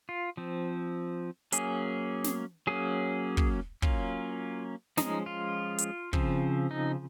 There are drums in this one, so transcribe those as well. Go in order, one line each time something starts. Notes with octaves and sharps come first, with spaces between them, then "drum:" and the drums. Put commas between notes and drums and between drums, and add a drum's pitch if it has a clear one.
F4
F3 C4
F#3 A#3 C#4 G#4, drum: hi-hat
drum: snare
F#3 A#3 C#4 G#4
drum: kick
F#3 A#3 C#4 F4, drum: kick
F3 G#3 C#4 D#4, drum: snare
F4
drum: hi-hat
C#3 F3 C4, drum: kick
D#4